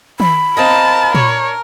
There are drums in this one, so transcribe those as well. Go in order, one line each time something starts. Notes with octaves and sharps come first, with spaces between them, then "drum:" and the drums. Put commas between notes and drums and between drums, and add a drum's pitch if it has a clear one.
B5, drum: tom D#3
C4 F4 A#4 D#5 A5
D4 C#5, drum: tom A#2